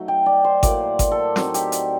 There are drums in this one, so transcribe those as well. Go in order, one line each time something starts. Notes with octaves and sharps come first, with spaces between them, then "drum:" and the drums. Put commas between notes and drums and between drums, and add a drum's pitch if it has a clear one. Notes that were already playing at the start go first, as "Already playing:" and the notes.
Already playing: F#3 A3 D#4
G5
D5
C5
A2 F#3 A#3 D5, drum: kick G#1, hi-hat
drum: kick G#1, hi-hat
A4
F#3 C4 D#4, drum: snare
G4, drum: hi-hat
drum: hi-hat